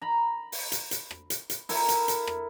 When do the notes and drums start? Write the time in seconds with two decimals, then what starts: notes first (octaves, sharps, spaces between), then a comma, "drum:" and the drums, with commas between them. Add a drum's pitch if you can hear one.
0.02 A#5 B5
0.52 drum: open hi-hat
0.72 drum: hi-hat
0.91 drum: hi-hat
1.11 drum: rim click
1.30 drum: hi-hat
1.50 drum: hi-hat
1.69 E4 A4 A#4, drum: open hi-hat
1.89 drum: hi-hat
2.08 drum: hi-hat
2.27 drum: rim click